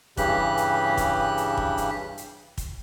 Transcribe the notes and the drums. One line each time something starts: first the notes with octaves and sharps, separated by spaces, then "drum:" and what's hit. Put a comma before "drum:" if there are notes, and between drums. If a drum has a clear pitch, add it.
G2 C#3 E3 G4 F#6, drum: kick, hi-hat
drum: hi-hat
drum: kick, hi-hat
drum: hi-hat
drum: kick
drum: hi-hat
drum: hi-hat
drum: kick, hi-hat